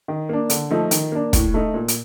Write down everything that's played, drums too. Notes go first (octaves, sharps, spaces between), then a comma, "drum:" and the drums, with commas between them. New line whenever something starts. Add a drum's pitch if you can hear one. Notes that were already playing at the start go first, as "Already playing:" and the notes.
D#3
A#3 D4
D3, drum: hi-hat
F3 A3 D#4
D#3, drum: hi-hat
A#3 D4
A2, drum: kick, hi-hat
A3 D#4
A#2
drum: hi-hat